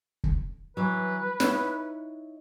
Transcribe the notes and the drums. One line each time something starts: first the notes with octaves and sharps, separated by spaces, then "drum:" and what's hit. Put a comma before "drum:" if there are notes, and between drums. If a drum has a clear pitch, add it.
drum: kick
E3 F#3 B4
D#4 E4 C#5, drum: snare